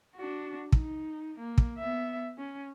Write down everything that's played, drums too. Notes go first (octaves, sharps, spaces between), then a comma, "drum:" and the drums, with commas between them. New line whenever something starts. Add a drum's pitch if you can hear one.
D4 F#4
D#4, drum: kick
A#3
drum: kick
B3 E5
C#4